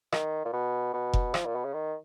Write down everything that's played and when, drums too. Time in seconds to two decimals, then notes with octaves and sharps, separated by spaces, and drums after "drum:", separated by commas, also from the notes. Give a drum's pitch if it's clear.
0.12 D#3, drum: rim click
0.45 A#2
0.53 B2
0.94 B2
1.13 drum: kick F1
1.34 F3, drum: rim click
1.45 A#2
1.55 B2
1.65 C#3
1.74 D#3